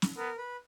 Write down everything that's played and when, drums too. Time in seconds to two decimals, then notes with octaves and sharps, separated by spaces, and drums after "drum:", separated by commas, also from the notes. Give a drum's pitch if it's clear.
0.02 drum: snare
0.17 B3 A#4
0.38 B4